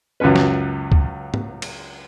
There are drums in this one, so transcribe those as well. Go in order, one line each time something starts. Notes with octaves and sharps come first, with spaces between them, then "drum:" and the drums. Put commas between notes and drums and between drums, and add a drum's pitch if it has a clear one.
C#2 F#2 F#3 C#4 B4
drum: snare
drum: kick
drum: tom
drum: cymbal